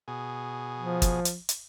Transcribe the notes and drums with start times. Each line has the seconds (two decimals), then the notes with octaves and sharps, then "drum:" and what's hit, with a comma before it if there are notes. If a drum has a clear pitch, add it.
0.08 B2 G#4
0.78 F3
1.02 drum: kick, hi-hat
1.25 drum: hi-hat
1.49 drum: hi-hat